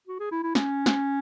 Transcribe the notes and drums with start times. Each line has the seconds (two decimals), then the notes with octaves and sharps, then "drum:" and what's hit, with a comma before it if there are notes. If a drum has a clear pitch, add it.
0.07 F#4
0.20 G#4
0.32 E4
0.43 E4
0.55 C#4, drum: snare
0.86 drum: snare